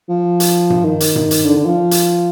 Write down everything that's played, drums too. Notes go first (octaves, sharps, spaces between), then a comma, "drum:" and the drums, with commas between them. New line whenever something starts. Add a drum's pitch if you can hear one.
F3
drum: hi-hat
drum: tom G2
D#3
drum: hi-hat
drum: tom G2
drum: hi-hat
D3
D3
F3
drum: hi-hat